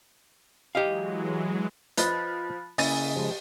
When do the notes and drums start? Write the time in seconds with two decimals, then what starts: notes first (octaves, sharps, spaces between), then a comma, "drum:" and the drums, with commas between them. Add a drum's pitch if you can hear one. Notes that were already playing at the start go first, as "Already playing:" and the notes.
0.75 E3 F#3 G#3 G4 D#5 F5
1.98 F3 B4 C5 D#5 B5 F#6 A6, drum: hi-hat
2.78 C#3 A#3 C#4 E4 D#5 G#5 A6 D#7, drum: open hi-hat
3.16 F3 G#3 G4